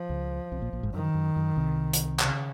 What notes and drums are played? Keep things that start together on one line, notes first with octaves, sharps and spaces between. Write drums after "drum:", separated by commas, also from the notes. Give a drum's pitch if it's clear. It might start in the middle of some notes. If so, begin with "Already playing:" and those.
Already playing: F3
C#2 C#3
C2 C3
A#1 A#2
A#1 A#2
G#1 G#2
F#2 D#3
F#2
F#2
C2 C3
drum: hi-hat
C#3, drum: clap